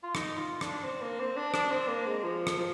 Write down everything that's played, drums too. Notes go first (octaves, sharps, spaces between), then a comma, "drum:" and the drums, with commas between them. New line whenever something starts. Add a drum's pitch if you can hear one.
F4
D#4, drum: rim click
F4
D4, drum: rim click
C4
A#3
C4
D4
D4, drum: rim click
C4
A#3
G#3
F3
drum: rim click
F3